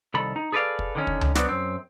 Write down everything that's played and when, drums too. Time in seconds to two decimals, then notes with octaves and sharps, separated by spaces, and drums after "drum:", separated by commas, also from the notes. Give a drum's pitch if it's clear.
0.14 C2 D#3 A4 B5
0.36 D#4
0.52 G#4 A4 B4 C5 D5 F5
0.79 drum: kick
0.95 D3 D#3 C#4
1.07 drum: kick
1.21 drum: tom C#2
1.35 F#3 B3 C4 D4 F#4, drum: snare
1.49 F#2 C4